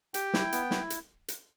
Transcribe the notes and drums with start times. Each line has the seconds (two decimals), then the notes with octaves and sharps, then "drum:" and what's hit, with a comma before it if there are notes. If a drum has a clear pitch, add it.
0.14 G4 G5, drum: hi-hat
0.34 E4, drum: snare
0.52 B3, drum: hi-hat
0.71 E4, drum: snare
0.90 drum: hi-hat
1.28 drum: hi-hat